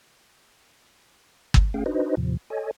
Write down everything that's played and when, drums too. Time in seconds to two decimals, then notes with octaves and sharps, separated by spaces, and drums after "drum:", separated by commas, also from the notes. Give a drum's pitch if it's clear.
1.54 drum: kick
1.74 A3 C#4 G#4 F5 G5
1.86 D4 D#4 F#4 B4 C5 D#5
2.17 D#2 A2 C3 F3
2.50 A4 C#5 D#5 G#5